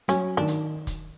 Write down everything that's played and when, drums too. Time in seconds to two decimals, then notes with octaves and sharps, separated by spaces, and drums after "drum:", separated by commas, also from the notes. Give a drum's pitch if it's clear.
0.08 F#3 C#4, drum: hi-hat
0.37 D#3 D4
0.48 drum: hi-hat
0.87 drum: kick, hi-hat